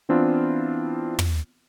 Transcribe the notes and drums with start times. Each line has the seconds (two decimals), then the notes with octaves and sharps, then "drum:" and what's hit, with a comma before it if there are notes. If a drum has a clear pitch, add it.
0.09 E3 B3 C4 D4 E4 F4
1.19 drum: tom